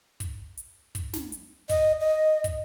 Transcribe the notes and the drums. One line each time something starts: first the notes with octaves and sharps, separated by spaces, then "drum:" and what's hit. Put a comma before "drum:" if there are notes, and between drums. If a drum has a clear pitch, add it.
drum: kick, hi-hat
drum: hi-hat
drum: kick, hi-hat
drum: snare
drum: hi-hat
D#5, drum: kick, hi-hat
D#5
drum: kick, hi-hat